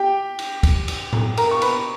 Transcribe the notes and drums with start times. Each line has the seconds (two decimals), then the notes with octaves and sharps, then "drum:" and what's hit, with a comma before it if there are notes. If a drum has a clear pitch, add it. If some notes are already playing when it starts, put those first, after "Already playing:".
Already playing: G4 G5
0.39 drum: cymbal
0.63 drum: kick, cymbal
0.88 drum: cymbal
1.13 drum: tom A2
1.37 A#4 A#5, drum: cymbal
1.51 C#6
1.62 B4 B5, drum: cymbal